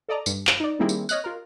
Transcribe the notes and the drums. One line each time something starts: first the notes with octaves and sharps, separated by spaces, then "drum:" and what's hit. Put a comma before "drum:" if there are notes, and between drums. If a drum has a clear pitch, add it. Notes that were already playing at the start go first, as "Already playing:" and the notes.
A4 D5 D#5 A#5
G2, drum: tambourine
drum: clap
D#4 D5
D#3 G3 A#3 C4 E4 G#4
drum: tambourine
C#5 D#5 F6 F#6, drum: tambourine
F4 A#4